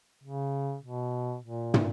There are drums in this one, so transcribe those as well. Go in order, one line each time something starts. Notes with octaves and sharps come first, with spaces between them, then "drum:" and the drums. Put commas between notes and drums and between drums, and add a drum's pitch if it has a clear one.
C#3
B2
A#2
drum: tom